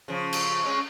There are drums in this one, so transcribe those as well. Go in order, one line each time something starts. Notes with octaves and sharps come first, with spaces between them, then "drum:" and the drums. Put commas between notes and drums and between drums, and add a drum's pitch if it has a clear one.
C#3 F3
drum: cymbal
G#3 C#4